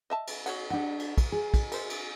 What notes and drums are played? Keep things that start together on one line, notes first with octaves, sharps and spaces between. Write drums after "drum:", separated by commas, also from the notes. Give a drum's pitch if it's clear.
D#5 E5 A5
drum: cymbal
F#4 C#5 F#5, drum: cymbal
G3 D4 G4 F#5
drum: cymbal
drum: kick, cymbal
G#4
drum: kick, cymbal
A#4 C5, drum: cymbal
drum: cymbal